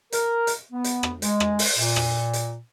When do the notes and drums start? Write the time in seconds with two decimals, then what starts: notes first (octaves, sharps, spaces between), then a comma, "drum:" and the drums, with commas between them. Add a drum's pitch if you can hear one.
0.12 A#4, drum: hi-hat
0.47 drum: hi-hat
0.71 B3
0.84 drum: hi-hat
1.03 drum: rim click
1.22 G#3, drum: hi-hat
1.40 drum: rim click
1.59 drum: open hi-hat
1.78 A#2
1.96 drum: rim click
2.33 drum: hi-hat